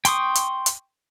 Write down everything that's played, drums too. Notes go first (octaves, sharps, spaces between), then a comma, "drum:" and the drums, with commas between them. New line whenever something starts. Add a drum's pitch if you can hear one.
G5 C6 C#6 D#6, drum: hi-hat
drum: hi-hat
drum: hi-hat